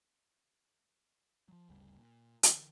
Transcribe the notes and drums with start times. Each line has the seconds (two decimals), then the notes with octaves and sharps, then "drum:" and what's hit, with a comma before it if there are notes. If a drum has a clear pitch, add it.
1.48 F3 F#3
1.69 G1 D2 C#3 G3
1.96 A#2
2.43 D3 E3, drum: hi-hat